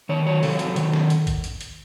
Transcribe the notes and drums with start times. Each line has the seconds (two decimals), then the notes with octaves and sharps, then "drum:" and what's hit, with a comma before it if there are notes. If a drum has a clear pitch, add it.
0.09 D#3 C#5
0.26 F#3 C#5
0.43 C3 A4, drum: open hi-hat
0.59 F#3, drum: hi-hat
0.76 D#3, drum: hi-hat
0.94 C3, drum: snare
1.10 drum: hi-hat
1.27 drum: kick, hi-hat
1.44 drum: hi-hat
1.61 drum: hi-hat